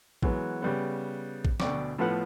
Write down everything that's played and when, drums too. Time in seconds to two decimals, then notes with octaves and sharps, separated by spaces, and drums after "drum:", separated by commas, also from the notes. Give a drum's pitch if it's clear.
0.23 E3 F#3 G#3 B3, drum: kick A#1
0.62 C#3 G3 B3
1.45 drum: kick A#1
1.60 D2 B2 D5 G5 C#6 D6, drum: snare
1.98 A2 F3 B3 B4 F#5